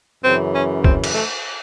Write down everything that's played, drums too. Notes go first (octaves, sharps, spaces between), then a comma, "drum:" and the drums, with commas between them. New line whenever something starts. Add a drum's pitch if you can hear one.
F#2 C#3 E3 C4
C#4
C4, drum: kick
drum: cymbal
A3